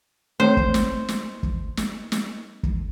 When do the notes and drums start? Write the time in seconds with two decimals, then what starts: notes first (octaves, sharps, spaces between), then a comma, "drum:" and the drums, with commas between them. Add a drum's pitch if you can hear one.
0.40 A3 C4 C5 C#5
0.57 drum: kick
0.74 drum: snare
1.08 drum: snare
1.43 drum: kick
1.77 drum: snare
2.12 drum: snare
2.63 drum: kick